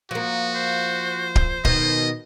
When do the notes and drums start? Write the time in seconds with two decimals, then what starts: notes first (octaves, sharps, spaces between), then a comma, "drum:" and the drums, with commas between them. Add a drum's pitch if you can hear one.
0.11 F3 A#3 F#4
0.55 C5
1.36 drum: kick
1.65 B2 D#3 D#5, drum: kick